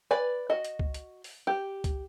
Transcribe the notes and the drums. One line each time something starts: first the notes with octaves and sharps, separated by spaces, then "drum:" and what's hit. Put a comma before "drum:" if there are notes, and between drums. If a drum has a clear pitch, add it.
B4 D5 G#5
F#4 D#5
drum: hi-hat
drum: kick C#2
drum: hi-hat
drum: open hi-hat
G4
drum: kick C#2, hi-hat